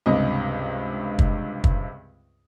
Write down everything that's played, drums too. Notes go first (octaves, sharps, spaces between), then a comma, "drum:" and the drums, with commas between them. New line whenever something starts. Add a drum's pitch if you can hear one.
C#2 G2 C3 D#5
drum: kick
drum: kick